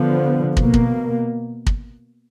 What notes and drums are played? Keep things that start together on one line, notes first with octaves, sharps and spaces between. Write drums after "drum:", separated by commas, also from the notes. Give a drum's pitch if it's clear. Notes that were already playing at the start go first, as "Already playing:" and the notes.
Already playing: D3 F3 B3
B2 A#3, drum: kick
drum: kick
drum: kick